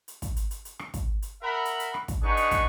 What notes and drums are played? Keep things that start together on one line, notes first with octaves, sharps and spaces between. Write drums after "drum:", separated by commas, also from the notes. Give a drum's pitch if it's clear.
drum: hi-hat
drum: kick, hi-hat
drum: hi-hat
drum: hi-hat
drum: hi-hat
drum: rim click
drum: kick, hi-hat
drum: hi-hat
A#4 E5 F#5 B5
drum: hi-hat
drum: hi-hat
drum: rim click
drum: kick, hi-hat
D4 D#4 G#4 B4 F#5 C#6
drum: hi-hat
drum: kick, hi-hat